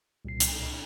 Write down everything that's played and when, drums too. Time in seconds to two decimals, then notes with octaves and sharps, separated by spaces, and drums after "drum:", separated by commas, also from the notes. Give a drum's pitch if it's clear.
0.25 C2 A#2 C7
0.40 drum: hi-hat